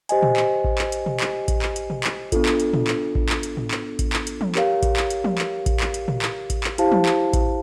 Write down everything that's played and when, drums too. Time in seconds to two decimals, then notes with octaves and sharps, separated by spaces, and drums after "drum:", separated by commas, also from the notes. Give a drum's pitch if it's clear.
0.09 G4 C5 D#5 G#5, drum: hi-hat
0.23 drum: tom
0.37 drum: clap
0.64 drum: kick A1
0.78 drum: clap
0.92 drum: hi-hat
1.06 drum: tom
1.20 drum: clap
1.48 drum: kick A1, hi-hat
1.62 drum: clap
1.76 drum: hi-hat
1.90 drum: tom
2.04 drum: clap
2.32 B3 D4 F4 A4, drum: kick A1, hi-hat
2.46 drum: clap
2.60 drum: hi-hat
2.74 drum: tom
2.87 drum: clap
3.15 drum: kick A1
3.29 drum: clap
3.43 drum: hi-hat
3.57 drum: tom
3.71 drum: clap
3.99 drum: kick A1, hi-hat
4.13 drum: clap
4.27 drum: hi-hat
4.41 drum: tom
4.55 G4 A#4 C#5 F5, drum: clap
4.83 drum: kick A1, hi-hat
4.97 drum: clap
5.10 drum: hi-hat
5.24 drum: tom
5.38 drum: clap
5.66 drum: kick A1, hi-hat
5.80 drum: clap
5.94 drum: hi-hat
6.08 drum: tom
6.22 drum: clap
6.50 drum: kick A1, hi-hat
6.64 drum: clap
6.78 E4 G4 C5 F5 A5, drum: hi-hat
6.92 drum: tom
7.06 drum: clap
7.33 drum: kick A1, hi-hat